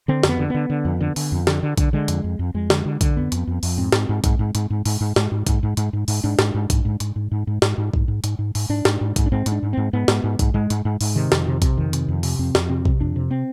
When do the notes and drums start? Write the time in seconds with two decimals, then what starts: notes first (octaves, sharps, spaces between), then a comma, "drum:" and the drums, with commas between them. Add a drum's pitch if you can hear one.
0.08 D3 C4
0.23 F2, drum: snare
0.29 B3
0.39 D3
0.50 D3 B3
0.70 D3
0.85 F2
1.00 D3
1.16 D3, drum: open hi-hat
1.32 F2
1.47 D3, drum: snare
1.63 D3
1.78 D3, drum: kick A#1, hi-hat
1.93 D3 G#3
2.08 F2, drum: hi-hat
2.24 F2
2.39 F2
2.54 F2 G#3
2.70 D3, drum: snare
2.85 D3
3.01 D3, drum: kick A#1, hi-hat
3.16 F2 B3
3.32 F2, drum: hi-hat
3.47 F2
3.63 F2, drum: open hi-hat
3.77 G#2 C4
3.92 G#2, drum: snare
4.09 G#2
4.24 G#2, drum: kick A#1, hi-hat
4.39 G#2
4.55 G#2, drum: hi-hat
4.70 G#2
4.86 G#2, drum: open hi-hat
5.01 G#2
5.16 G#2, drum: snare
5.32 G#2
5.47 G#2, drum: kick A#1, hi-hat
5.63 G#2
5.77 G#2, drum: hi-hat
5.93 G#2
6.08 G#2, drum: open hi-hat
6.24 G#2 D4
6.39 G#2, drum: snare
6.54 G#2
6.70 G#2, drum: kick A#1, hi-hat
6.85 G#2
7.00 G#2, drum: hi-hat
7.16 G#2
7.31 G#2
7.47 G#2
7.62 G#2, drum: snare
7.78 G#2
7.94 G#2, drum: kick A#1
8.08 G#2
8.24 G#2, drum: hi-hat
8.39 G#2
8.55 G#2, drum: open hi-hat
8.69 G#2 D4
8.85 G#2, drum: snare
9.01 G#2
9.16 G#2, drum: kick A#1, hi-hat
9.26 D4
9.32 G#2 C4
9.46 G#2, drum: hi-hat
9.52 D4
9.62 G#2
9.73 G#2 C4
9.93 G#2 B3
10.08 G#2, drum: snare
10.24 G#2
10.39 G#2, drum: kick A#1, hi-hat
10.54 G#2 G#3
10.70 G#2, drum: hi-hat
10.85 G#2
11.01 G#2, drum: open hi-hat
11.15 C3 D#3
11.32 F2, drum: snare
11.47 C3
11.62 C3, drum: kick A#1, hi-hat
11.77 F2 D#3
11.93 C3, drum: hi-hat
12.08 F2
12.23 C3, drum: open hi-hat
12.39 F2 C4
12.55 F2, drum: snare
12.69 C3 C4
12.85 C3, drum: kick A#1
13.00 F2 D4
13.16 C3
13.31 C4